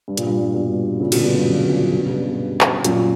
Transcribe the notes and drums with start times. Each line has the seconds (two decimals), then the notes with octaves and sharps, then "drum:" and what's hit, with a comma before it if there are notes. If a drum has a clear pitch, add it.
0.08 G2
0.17 A#2, drum: hi-hat
0.27 G2
0.54 G2 B2
1.00 A#2 C#3
1.12 B2 D3, drum: cymbal
1.23 G2 B2
1.35 G2
1.46 F#2
1.58 G2
1.70 F#2 A#2
1.93 B2
2.01 C#3
2.09 G2 B2
2.61 drum: clap
2.84 F#2 A#2, drum: hi-hat